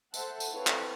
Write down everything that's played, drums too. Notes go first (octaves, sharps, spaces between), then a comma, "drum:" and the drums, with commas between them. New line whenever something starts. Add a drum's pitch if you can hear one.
A4 C5 E5 F#5 A5, drum: tambourine
drum: tambourine
C4 E4 A4 B4 C#5 F5
drum: clap